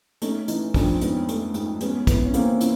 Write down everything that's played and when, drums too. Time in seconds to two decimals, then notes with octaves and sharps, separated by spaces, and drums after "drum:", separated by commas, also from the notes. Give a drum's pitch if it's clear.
0.22 A3 C#4 D#4, drum: hi-hat
0.48 E3 C#4 D#4, drum: hi-hat
0.74 F2 C4 D4, drum: kick, open hi-hat
1.01 G#2 B3 C#4, drum: hi-hat
1.28 A3, drum: hi-hat
1.54 G#2, drum: hi-hat
1.81 G#3 B3 C#4, drum: hi-hat
2.07 E3 B3, drum: kick, hi-hat
2.26 C#4
2.34 E2 A#3 C4, drum: hi-hat
2.61 C#4 E4, drum: hi-hat